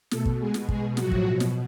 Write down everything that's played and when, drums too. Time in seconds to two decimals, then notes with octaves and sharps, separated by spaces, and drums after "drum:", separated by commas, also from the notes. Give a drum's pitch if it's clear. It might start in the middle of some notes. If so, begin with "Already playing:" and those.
0.11 B2 A3 A4, drum: snare
0.25 drum: kick
0.40 B2 G#3 G#4
0.54 drum: snare
0.69 B2 G#3 G#4, drum: kick
0.97 A2 F3 F#3 F#4, drum: snare
1.12 drum: kick
1.26 B2
1.40 drum: snare